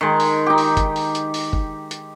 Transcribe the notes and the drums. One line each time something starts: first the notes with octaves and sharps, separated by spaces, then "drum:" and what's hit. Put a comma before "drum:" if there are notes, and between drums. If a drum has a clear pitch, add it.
D#3 G#3
drum: open hi-hat
D#4 G4
drum: open hi-hat
drum: kick, hi-hat
drum: open hi-hat
drum: hi-hat
drum: open hi-hat
drum: kick
drum: hi-hat